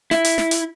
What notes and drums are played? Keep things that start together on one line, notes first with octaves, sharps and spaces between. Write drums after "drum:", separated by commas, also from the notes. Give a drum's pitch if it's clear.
E4, drum: snare
drum: hi-hat
drum: snare
drum: hi-hat